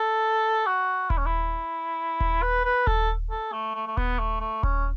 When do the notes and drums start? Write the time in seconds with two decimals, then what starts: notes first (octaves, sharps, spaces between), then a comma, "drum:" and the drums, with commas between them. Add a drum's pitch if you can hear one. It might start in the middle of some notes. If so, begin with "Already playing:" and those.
Already playing: A4
0.66 F#4
1.10 E4, drum: kick D#1
1.18 C#4
1.26 E4
2.20 drum: kick D#1
2.42 B4
2.65 B4
2.87 A4, drum: kick D#1
3.31 A4
3.52 A3
3.75 A3
3.87 A3
3.97 B3, drum: kick D#1
4.19 A3
4.40 A3
4.63 C#4, drum: kick D#1